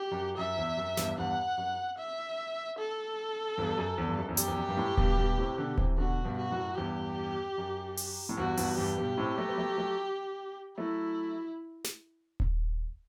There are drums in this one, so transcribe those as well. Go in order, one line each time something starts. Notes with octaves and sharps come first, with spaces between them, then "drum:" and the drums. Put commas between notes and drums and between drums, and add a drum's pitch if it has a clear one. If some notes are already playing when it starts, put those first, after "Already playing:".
Already playing: G4
F#2
F#2 E5
E2
F#2
E2 G2, drum: snare
E2 G2 F#5
F#2
E5
A4
E2 G2
F#2
E2
G2
F#2
E2
F#2 G4, drum: hi-hat
E2
F#2
G2
F#2 A2
G2 B2, drum: kick D#1
G2 B2
A2 C3
B2 D3
C3 E3, drum: kick D#1
B2 D3 F#4
G2 B2
F#4
F#2 A2
E2 G2 G4
F#2
drum: open hi-hat
A2
E2 G2 F#4
E2 G2, drum: open hi-hat
E2 G2 G4
G2 B2
A2 C3
F#3 A3
B3
F#3 A3
F#3 A3
F#3 A3 E4
drum: snare
drum: kick D#1